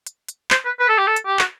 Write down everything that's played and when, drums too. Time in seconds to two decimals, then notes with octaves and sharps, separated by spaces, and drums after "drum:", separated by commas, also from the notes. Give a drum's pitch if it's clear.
0.07 drum: hi-hat
0.28 drum: hi-hat
0.51 C5, drum: clap
0.65 B4
0.80 B4
0.89 A4
0.98 G4
1.07 A4
1.16 drum: hi-hat
1.26 G4
1.39 F#4, drum: clap